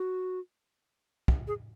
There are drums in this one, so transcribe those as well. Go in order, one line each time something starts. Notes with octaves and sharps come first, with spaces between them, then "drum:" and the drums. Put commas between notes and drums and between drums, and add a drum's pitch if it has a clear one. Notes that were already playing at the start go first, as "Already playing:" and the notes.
Already playing: F#4
drum: kick
G#4